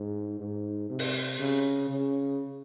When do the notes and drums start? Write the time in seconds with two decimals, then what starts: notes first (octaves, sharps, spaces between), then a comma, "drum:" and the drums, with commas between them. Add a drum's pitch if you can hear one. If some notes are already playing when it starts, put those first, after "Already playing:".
Already playing: G#2
0.40 G#2
0.90 C3
0.99 drum: open hi-hat
1.39 C#3
1.89 C#3